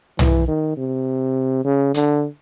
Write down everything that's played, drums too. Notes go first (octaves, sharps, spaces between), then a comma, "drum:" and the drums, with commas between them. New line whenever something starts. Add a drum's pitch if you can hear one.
E3, drum: tom
D#3
C3
C#3
D3, drum: hi-hat